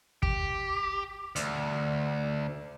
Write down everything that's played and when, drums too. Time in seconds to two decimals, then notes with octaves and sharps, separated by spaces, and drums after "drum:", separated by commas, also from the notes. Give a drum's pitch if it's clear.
0.23 G4, drum: kick
1.36 D2, drum: hi-hat